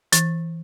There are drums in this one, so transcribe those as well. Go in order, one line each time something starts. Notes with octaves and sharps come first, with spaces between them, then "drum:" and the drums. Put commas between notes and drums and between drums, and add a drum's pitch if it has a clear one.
E3, drum: hi-hat